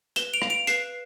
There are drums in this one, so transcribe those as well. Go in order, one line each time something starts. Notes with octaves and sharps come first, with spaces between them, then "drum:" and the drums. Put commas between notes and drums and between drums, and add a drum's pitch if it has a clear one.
B4 E7 G7, drum: hi-hat
D7 F7
F5, drum: rim click
D7 F7
B4 C7 E7, drum: hi-hat